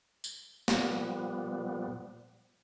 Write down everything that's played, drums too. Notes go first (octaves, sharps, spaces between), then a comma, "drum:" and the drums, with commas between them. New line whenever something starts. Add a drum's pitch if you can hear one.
drum: tambourine
A#2 F3 G3 B3, drum: snare